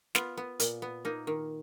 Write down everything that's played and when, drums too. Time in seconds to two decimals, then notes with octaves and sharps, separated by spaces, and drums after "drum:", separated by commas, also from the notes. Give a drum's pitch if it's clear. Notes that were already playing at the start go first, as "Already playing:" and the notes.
0.15 B3 F4, drum: snare
0.37 B3
0.60 A#2, drum: hi-hat
0.82 B3
1.05 A#3 D#4
1.27 D#3